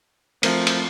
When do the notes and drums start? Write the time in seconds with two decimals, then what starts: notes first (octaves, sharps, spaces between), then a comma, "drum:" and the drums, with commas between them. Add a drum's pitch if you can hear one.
0.43 F3 A3 C4 A#4, drum: cymbal
0.67 drum: cymbal